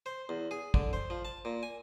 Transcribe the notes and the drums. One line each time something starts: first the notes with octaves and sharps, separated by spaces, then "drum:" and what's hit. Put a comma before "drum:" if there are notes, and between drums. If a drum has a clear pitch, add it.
C5
E2
G#4
D3, drum: kick
C5
F3
A5
A#2
G#5